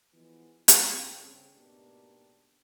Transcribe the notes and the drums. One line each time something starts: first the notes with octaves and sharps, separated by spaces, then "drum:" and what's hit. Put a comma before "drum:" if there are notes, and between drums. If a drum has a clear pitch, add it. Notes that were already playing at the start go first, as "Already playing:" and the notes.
E3 F3 G#3 B3
G2 A4 G5, drum: hi-hat
C#3 C4
G#2 B2 A3 A#3 D4 G4